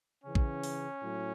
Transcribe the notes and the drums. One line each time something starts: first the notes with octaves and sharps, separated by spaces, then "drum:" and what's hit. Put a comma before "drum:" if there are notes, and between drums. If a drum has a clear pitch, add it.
C#3 E3 C#4
drum: kick A1
drum: open hi-hat
A2 F#3